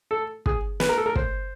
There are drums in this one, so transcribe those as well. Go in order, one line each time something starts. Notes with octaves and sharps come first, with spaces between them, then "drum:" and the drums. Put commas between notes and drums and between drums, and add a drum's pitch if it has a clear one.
A4
G#4, drum: kick
B4, drum: snare
A#4
A4
A#4
C5, drum: kick